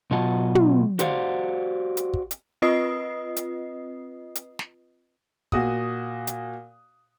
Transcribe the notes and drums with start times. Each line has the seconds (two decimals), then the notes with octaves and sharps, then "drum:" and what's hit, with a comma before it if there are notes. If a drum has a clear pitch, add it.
0.11 B2 F#3 F4 D#5 F#5 A5
0.55 drum: tom
0.99 F#4 G4 C5 D5 F5 F#5, drum: hi-hat
1.97 drum: hi-hat
2.14 drum: kick
2.31 drum: hi-hat
2.62 C4 F4 B4 D#5 D#6 C7
3.36 drum: hi-hat
4.35 drum: hi-hat
4.59 drum: snare
5.52 A#2 F#4 D#6, drum: kick
6.27 drum: hi-hat